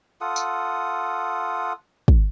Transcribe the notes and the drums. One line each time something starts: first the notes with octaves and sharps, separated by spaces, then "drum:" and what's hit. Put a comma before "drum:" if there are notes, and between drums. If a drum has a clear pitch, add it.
F4 A4 F#5 D#6
drum: tambourine
drum: kick